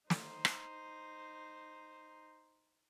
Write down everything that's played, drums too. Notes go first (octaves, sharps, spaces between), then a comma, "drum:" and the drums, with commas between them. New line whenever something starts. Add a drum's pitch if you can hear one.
D#4 C5, drum: snare
drum: rim click